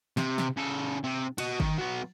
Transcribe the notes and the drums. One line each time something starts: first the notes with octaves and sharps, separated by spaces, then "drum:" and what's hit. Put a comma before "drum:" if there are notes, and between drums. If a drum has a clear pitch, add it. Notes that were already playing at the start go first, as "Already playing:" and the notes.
C3, drum: snare
drum: snare
C#3 A4
C3
F#4 D#5, drum: cymbal
D#3, drum: kick G1
F#3 B3